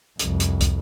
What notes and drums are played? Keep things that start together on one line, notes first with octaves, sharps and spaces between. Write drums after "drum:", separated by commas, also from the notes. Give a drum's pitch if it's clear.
C2 F2, drum: hi-hat
drum: hi-hat
drum: kick, hi-hat